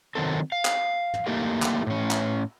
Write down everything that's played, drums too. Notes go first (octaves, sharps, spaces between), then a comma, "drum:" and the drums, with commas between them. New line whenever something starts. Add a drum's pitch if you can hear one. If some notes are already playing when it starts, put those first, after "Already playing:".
D#3 F#3 C4 A4
F5
drum: clap
drum: tom
A3 A#3 D#4 E4 G4 A#4
drum: clap
A2 C#4
drum: clap